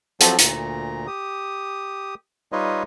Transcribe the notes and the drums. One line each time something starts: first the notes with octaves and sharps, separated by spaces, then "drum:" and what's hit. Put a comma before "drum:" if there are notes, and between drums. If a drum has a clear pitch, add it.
F3 F#3 C4 A4, drum: hi-hat
D2 A#2 A#5, drum: hi-hat
G4 D#6
G3 D#4 F4 B4 C#5 D#5